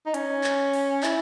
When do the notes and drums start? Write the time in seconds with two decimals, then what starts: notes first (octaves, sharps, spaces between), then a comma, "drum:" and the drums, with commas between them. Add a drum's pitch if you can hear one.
0.06 D#4
0.14 C#4, drum: hi-hat
0.44 drum: clap
0.73 drum: open hi-hat
1.03 E4, drum: clap